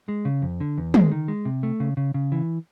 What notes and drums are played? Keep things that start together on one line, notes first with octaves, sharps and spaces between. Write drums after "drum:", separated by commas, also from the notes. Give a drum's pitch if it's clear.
G#3
C#3
F2
D3
E2
G#3, drum: tom
D#3
G#3
C3
A3
C#3
C#3
C#3
E3